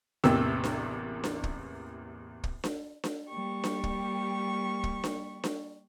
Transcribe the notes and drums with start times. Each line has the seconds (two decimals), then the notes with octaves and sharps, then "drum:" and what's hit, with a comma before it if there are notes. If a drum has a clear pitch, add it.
0.24 A1 E2 C3 A#3 G5 E6, drum: snare D4
0.64 drum: snare D4
1.24 drum: snare D4
1.44 drum: kick
2.44 drum: kick
2.64 drum: snare D4
3.04 drum: snare D4
3.28 G3 A#3 G4 C#6
3.64 drum: snare D4
3.84 drum: kick
4.84 drum: kick
5.04 drum: snare D4
5.44 drum: snare D4